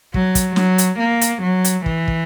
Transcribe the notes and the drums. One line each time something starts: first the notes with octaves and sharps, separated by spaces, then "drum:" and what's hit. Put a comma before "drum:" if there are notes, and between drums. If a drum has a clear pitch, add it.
F#3, drum: kick
drum: kick, hi-hat
F#3, drum: snare
drum: hi-hat
A#3
drum: hi-hat
F#3
drum: hi-hat
E3, drum: kick
drum: kick